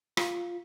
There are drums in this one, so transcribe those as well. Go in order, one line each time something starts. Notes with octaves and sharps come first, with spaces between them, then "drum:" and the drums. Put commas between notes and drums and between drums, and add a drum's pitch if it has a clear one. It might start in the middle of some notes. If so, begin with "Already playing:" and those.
F4, drum: rim click